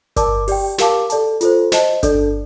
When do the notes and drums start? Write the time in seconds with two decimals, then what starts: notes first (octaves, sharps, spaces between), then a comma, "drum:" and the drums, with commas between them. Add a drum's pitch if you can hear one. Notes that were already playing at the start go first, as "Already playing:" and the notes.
0.16 A#4 D5 A5 D6, drum: kick G1, hi-hat
0.48 G4 D5 G5, drum: open hi-hat
0.78 G4 A#4 F5 A5 D6, drum: snare
1.10 A4 D5 A5, drum: hi-hat
1.41 F4 A4 C5, drum: hi-hat
1.72 C5 D#5 A5, drum: snare
2.03 D4 A4 D5, drum: kick G1, hi-hat